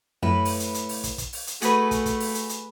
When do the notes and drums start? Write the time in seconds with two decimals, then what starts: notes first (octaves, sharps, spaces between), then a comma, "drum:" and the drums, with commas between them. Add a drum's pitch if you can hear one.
0.23 F#2 A2 B4
0.45 drum: open hi-hat
0.60 drum: hi-hat
0.74 drum: hi-hat
0.89 drum: open hi-hat
1.04 drum: kick, hi-hat
1.18 drum: kick, hi-hat
1.33 drum: open hi-hat
1.47 drum: hi-hat
1.62 A3 F#4 G#4 B4, drum: hi-hat
1.91 drum: kick, hi-hat
2.06 drum: kick, hi-hat
2.20 drum: open hi-hat
2.35 drum: hi-hat
2.49 drum: hi-hat